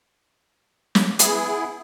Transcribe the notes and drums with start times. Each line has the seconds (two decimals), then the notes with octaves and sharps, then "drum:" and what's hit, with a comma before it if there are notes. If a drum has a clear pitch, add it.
0.95 drum: snare
1.19 B3 E4 G#4, drum: hi-hat